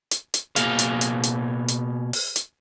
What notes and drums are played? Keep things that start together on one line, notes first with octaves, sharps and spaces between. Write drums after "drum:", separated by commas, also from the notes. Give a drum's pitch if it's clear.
drum: hi-hat
drum: hi-hat
B2 A#3 G#4 F5, drum: hi-hat
drum: hi-hat
drum: hi-hat
drum: hi-hat
drum: hi-hat
drum: open hi-hat
drum: hi-hat